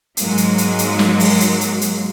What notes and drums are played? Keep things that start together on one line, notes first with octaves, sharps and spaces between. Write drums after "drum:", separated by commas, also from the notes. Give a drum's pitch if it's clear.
G#2 F#3 G#3 A#3, drum: hi-hat
drum: hi-hat
drum: hi-hat
drum: hi-hat
drum: snare
drum: open hi-hat
drum: hi-hat
drum: hi-hat
drum: hi-hat